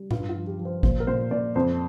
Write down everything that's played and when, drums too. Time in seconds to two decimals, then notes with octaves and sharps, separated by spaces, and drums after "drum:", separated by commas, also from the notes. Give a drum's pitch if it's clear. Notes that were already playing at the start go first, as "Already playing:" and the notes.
Already playing: G3
0.11 G2 F4, drum: tom A2
0.29 F4
0.35 F3
0.47 G4
0.59 F3
0.65 C5
0.83 A#2 C5, drum: kick
1.00 A#4
1.07 A#2 C5
1.31 A#2 D5
1.55 F2 C5